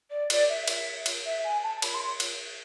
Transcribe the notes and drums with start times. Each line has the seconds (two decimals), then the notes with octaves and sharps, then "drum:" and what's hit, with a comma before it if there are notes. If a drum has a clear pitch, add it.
0.10 D5
0.30 D5, drum: cymbal
0.49 E5
0.68 E5, drum: cymbal
1.06 drum: cymbal
1.25 E5
1.44 G#5
1.63 A5
1.82 B5, drum: cymbal
1.94 C6
2.20 drum: cymbal